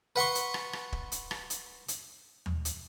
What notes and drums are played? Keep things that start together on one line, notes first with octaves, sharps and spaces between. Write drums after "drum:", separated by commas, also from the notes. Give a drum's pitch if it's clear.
B4 F#5 C6 C#6
drum: hi-hat
drum: rim click
drum: rim click
drum: kick
drum: hi-hat
drum: rim click
drum: hi-hat
drum: hi-hat
drum: tom D#2
drum: hi-hat